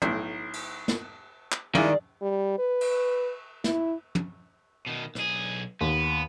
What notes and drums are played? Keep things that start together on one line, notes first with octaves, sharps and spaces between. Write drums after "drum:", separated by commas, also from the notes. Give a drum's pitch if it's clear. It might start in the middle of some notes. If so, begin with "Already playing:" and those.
B1 A2, drum: tom
drum: cymbal
drum: snare
drum: clap
D#3 G3 G#3 E4 G#4 D5 F5, drum: tom
G3
B4
drum: cymbal
E4, drum: snare
drum: tom
B2 D#3
B1 G#4, drum: rim click
D#2 B3